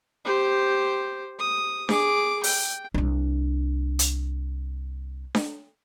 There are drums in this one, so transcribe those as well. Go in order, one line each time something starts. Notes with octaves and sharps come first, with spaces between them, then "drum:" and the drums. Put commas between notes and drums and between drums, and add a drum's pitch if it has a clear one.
G4 C5
D#6
G#4 D6, drum: snare D4
G5, drum: open hi-hat
C2 D4
drum: hi-hat
drum: snare D4